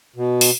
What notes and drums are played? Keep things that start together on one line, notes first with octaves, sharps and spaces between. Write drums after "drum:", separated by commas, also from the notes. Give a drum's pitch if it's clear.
B2
drum: open hi-hat